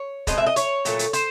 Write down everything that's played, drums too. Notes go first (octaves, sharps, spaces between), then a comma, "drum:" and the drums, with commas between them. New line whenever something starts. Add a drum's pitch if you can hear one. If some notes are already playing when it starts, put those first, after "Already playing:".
Already playing: C#5
B2 G#3 C4 D#5, drum: kick, hi-hat
E5
D#5
C#5, drum: hi-hat
A#2 F#3 A3, drum: hi-hat
drum: hi-hat
C5, drum: hi-hat